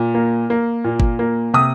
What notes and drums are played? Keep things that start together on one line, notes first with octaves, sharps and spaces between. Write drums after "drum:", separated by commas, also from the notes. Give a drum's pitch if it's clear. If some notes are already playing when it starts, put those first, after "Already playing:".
Already playing: A#2
A#3
A#3
A#2
drum: kick G1
A#3
C3 D#6